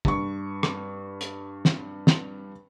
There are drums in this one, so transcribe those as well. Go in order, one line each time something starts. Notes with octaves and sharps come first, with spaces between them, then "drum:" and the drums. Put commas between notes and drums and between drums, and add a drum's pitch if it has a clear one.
G2 C#6, drum: kick
drum: rim click
drum: hi-hat
drum: snare
drum: snare